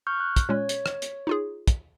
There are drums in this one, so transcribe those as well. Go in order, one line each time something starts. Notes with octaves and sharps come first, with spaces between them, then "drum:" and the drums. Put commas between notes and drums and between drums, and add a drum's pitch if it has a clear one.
C#6 F6 G6
F#6
drum: kick, hi-hat
A#2 G#3 C#4 C#5
drum: hi-hat
drum: rim click
drum: hi-hat
D#4 F4 G#4
drum: kick, hi-hat